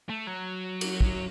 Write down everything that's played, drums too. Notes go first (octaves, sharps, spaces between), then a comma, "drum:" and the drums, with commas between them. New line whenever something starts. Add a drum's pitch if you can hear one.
A3
F#3
drum: cymbal
drum: kick